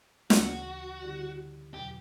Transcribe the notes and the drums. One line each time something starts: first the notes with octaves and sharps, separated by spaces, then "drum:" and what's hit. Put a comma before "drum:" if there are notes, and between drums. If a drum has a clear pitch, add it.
D2 C#3 E3 F#4, drum: snare
D3 G3 C#4 E4 G4
E2 B2 F#3 G4